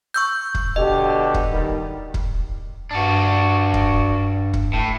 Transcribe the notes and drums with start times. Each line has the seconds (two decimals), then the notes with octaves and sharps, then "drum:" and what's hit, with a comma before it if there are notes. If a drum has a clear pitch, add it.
0.14 C#6 E6 G6
0.55 drum: kick
0.76 B2 D3 G4 D#5
1.34 drum: kick
1.52 D#3 G3
2.14 drum: kick
2.91 G2 D4 F#4
3.74 drum: kick
4.53 drum: kick
4.73 A2